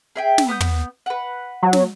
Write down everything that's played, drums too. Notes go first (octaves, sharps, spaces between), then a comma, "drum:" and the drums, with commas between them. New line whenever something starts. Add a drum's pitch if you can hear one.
G#4 E5 G5
drum: snare
B3 D#6 G6
drum: tom
B4 F#5
F#3
drum: snare